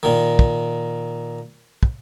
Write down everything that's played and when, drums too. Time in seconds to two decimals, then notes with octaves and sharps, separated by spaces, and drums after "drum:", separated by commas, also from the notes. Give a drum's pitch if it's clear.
0.03 A#2 D#3
0.39 drum: kick
1.83 drum: kick